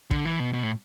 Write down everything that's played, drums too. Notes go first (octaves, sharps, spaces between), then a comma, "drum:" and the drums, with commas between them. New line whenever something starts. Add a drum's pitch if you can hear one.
D3, drum: kick
E3
B2
B2
A2